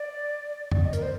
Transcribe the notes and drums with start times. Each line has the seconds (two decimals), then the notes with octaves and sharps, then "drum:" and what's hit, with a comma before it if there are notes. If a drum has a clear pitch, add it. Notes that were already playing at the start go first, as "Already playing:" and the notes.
Already playing: D5
0.72 drum: tom F2
0.84 D#5
0.93 A#4, drum: hi-hat
1.02 C5